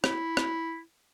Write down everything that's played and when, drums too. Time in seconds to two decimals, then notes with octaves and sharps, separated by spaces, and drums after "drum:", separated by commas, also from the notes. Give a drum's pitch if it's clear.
0.04 E4, drum: rim click
0.37 drum: rim click